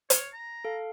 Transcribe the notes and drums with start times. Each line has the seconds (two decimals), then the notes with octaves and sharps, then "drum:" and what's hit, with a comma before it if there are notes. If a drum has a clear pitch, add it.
0.10 C#5, drum: hi-hat
0.33 A#5
0.65 A4 F5